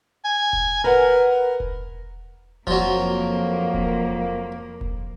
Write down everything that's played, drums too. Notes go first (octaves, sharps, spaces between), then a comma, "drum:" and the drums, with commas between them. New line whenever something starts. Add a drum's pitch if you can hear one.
G#5
drum: kick E1
A#4 B4 F#5
A#4
drum: kick E1
F2 F3 F#3 A#3, drum: kick E1
drum: kick E1
drum: kick E1